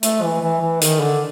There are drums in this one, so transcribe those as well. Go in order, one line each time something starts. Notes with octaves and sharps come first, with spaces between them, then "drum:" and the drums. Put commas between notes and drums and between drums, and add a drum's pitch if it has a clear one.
A3, drum: hi-hat
E3
E3
E3
D#3, drum: hi-hat
D3